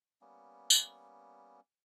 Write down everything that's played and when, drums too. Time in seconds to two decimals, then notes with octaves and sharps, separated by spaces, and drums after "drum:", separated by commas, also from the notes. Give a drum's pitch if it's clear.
0.21 G3 A#3 B3 C#4
0.70 drum: tambourine